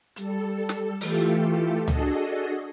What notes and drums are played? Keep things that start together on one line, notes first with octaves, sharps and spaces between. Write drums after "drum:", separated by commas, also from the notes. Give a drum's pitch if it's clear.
G3 A4, drum: hi-hat
drum: snare
E3 A3 F4 G4 A4, drum: open hi-hat
D4 F#4 G#4 A4 D#5, drum: tom C#2